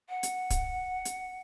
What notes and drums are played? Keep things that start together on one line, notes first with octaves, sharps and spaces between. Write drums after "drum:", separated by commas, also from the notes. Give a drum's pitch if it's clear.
F#5
drum: hi-hat
drum: kick, hi-hat
drum: hi-hat